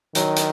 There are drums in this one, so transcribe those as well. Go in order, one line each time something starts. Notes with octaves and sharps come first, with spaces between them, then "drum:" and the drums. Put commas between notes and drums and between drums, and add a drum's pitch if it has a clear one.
D#3 F#3, drum: hi-hat
drum: hi-hat